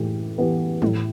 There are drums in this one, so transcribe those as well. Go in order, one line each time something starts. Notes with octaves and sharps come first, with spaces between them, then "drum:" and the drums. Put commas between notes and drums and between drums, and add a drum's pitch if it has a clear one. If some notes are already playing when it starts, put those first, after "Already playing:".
Already playing: A2 E3 G4
E3 B3 G4
A2, drum: tom